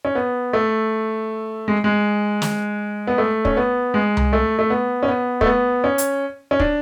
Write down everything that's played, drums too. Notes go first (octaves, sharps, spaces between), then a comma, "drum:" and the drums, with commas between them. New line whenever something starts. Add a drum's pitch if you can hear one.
C#4
B3
A3
G#3
G#3
drum: snare
B3
A3
C#4, drum: kick
B3
G#3
drum: tom C2
A3
A3
B3
C#4
B3
A3, drum: kick
B3
C#4
drum: hi-hat
C#4
D4, drum: kick